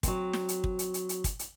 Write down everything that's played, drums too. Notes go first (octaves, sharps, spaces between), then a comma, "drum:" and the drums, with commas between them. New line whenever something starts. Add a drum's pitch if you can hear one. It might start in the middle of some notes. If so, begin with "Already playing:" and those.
F#3 C4, drum: kick, hi-hat
drum: snare
drum: hi-hat
drum: kick
drum: hi-hat
drum: hi-hat
drum: hi-hat
drum: kick, hi-hat
drum: hi-hat